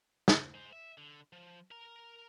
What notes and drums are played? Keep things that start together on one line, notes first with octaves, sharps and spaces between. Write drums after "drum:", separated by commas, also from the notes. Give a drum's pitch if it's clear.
drum: snare
G#3 C5
E5
D3
F3
A#4 A#5